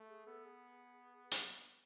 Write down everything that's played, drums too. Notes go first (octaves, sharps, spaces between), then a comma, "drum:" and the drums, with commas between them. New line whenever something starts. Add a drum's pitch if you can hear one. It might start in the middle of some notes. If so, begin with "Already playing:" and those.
Already playing: A3
G#4
B3 A4
G#4
drum: hi-hat